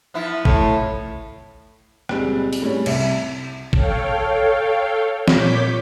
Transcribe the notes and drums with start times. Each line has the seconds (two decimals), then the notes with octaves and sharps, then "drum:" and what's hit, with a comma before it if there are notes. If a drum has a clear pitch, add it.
0.14 F3 B3 E4
0.45 A2, drum: kick A1
2.09 C#2 A#2 G3 G#3 C4, drum: rim click
2.53 drum: open hi-hat
2.62 A2 G3 C#4
2.86 C2 C3 E5, drum: cymbal
3.73 A4 C#5 F5 G5, drum: kick A1
5.28 A#2 C#5 D6 G6 B6, drum: snare